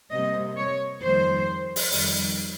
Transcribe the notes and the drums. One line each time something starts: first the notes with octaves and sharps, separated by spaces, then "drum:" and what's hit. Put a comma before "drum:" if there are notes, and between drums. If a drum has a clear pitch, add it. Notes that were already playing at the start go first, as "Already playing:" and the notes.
C3 G3 A#3 D#5
C#5
F2 D#3 G3 A#3 C5
drum: open hi-hat
F2 D#3 G3, drum: open hi-hat